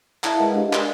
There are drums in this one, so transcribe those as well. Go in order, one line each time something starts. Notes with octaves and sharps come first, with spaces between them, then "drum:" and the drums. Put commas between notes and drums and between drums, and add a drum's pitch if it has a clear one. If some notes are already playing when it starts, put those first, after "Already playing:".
E4 E5 F5 A5 A#5, drum: clap
G#3 G#4 A#4 B4 D#5 F#5
D4 G4 D#5 F5
A#4 D5 F5 G#5, drum: clap